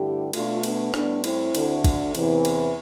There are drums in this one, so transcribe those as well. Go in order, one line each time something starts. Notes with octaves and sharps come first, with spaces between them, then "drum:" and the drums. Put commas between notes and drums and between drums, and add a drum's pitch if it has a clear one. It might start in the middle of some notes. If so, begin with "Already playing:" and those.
Already playing: G2 D3 A3 E4 G4
B2 A3 D4 F4, drum: cymbal
B3 D4, drum: cymbal
A2 G3 B3 D4, drum: rim click
C4 E4, drum: cymbal
D2 D3 A3, drum: cymbal
drum: kick, cymbal
E2 C3 E3, drum: cymbal
drum: cymbal